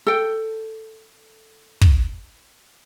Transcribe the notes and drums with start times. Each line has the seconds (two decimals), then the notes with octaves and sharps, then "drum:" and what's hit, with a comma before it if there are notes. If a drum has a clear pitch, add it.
0.07 A4 G5
1.81 drum: kick